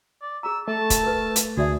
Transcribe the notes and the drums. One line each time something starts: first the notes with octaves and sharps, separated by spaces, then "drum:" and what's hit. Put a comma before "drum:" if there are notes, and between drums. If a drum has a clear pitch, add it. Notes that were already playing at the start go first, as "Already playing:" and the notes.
D5
G#4 A#5 E6
A3 A5
drum: kick, hi-hat
A#4 B4
drum: hi-hat
D2 F#4 G#4 D5 E5